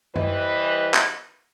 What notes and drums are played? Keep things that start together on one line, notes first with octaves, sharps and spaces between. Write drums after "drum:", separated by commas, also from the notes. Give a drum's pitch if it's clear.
E3 G3 B4 C5 D#5, drum: tom F#2
drum: clap